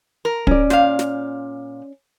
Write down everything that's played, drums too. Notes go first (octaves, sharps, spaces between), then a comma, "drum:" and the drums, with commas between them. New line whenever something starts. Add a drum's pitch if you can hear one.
A#4
C#4 D5, drum: kick
A#2 F5, drum: snare
drum: snare